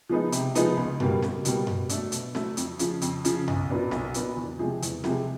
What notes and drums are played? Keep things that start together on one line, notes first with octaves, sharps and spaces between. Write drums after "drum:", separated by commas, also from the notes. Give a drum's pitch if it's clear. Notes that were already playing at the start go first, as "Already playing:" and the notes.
F3 G#3 B3 D#4
C3, drum: hi-hat
F3 G#3 B3 D#4, drum: hi-hat
C#2
B2 G3 A#3, drum: tom F#2
C#2, drum: snare C4
B2 G3 A#3, drum: hi-hat
B2, drum: tom F#2
F#3 A3 D4, drum: hi-hat
B2, drum: hi-hat
F#3 A3 D4, drum: snare C4
F2, drum: hi-hat
C#3 F3, drum: hi-hat
F2, drum: hi-hat
C#3 F3, drum: hi-hat
B1, drum: tom F#2
A#2 F#3 B3 D4
B1, drum: snare C4
A#2 F#3 B3 D4, drum: hi-hat
E2
C3 F3 G#3
E2, drum: hi-hat
C3 F3 G#3, drum: snare C4